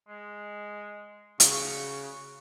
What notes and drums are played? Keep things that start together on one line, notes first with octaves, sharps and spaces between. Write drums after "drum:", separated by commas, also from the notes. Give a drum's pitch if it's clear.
G#3
C#3 F#4, drum: hi-hat